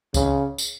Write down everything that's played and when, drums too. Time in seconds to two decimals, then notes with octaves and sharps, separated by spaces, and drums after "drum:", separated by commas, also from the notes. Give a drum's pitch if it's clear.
0.14 C#3, drum: kick C#2, tambourine
0.58 drum: tambourine